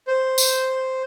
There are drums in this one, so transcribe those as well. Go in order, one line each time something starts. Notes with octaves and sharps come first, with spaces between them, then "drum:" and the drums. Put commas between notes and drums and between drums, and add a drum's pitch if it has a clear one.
C5
drum: tambourine